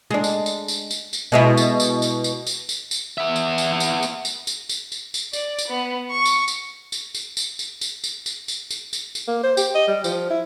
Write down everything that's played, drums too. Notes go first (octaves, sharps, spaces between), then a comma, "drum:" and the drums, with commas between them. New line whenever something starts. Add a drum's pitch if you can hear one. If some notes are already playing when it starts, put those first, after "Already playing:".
G#3 D4
drum: tambourine
drum: tambourine
drum: tambourine
drum: tambourine
drum: tambourine
B2 G#3 E4
drum: tambourine
drum: tambourine
drum: tambourine
drum: tambourine
drum: tambourine
drum: tambourine
drum: tambourine
B3 E5
drum: tambourine
drum: tambourine
drum: tambourine
drum: tambourine
drum: tambourine
drum: tambourine
drum: tambourine
drum: tambourine
drum: tambourine
D5, drum: tambourine
drum: tambourine
B3
C#6
drum: tambourine
drum: tambourine
drum: tambourine
drum: tambourine
drum: tambourine
drum: tambourine
drum: tambourine
drum: tambourine
drum: tambourine
drum: tambourine
drum: tambourine
drum: tambourine
drum: tambourine
A#3
C5
G4, drum: tambourine
D#5
G3
F3, drum: tambourine
E4